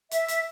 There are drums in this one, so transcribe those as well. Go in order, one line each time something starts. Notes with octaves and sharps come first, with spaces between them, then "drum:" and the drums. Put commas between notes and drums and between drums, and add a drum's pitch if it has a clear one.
E5, drum: hi-hat
drum: hi-hat